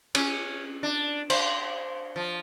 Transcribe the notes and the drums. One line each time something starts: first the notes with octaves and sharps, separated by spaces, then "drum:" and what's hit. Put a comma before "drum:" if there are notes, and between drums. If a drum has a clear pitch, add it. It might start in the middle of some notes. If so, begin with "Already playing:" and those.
C#4, drum: cymbal
D4
C5, drum: cymbal
F3